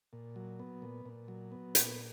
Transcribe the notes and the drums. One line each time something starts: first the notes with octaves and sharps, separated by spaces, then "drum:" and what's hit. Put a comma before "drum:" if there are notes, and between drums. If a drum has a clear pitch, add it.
A#2
F#3
B3
A#2
A#2
F#3
B3
A#2, drum: hi-hat